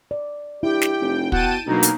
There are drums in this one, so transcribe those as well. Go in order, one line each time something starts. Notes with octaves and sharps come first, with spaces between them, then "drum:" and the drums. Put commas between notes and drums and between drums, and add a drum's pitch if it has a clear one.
D5
G2 E4 G4 G5
drum: snare
F1
B2 F#5 G5 A5 D#7, drum: kick
D2 B2 F#3 A#3 D#4
drum: hi-hat